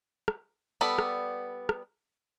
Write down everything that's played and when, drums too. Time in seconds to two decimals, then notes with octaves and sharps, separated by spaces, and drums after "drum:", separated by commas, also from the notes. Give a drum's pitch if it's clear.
0.28 drum: rim click
0.81 G3 B3 A4 D5 B5
0.98 drum: rim click
1.69 drum: rim click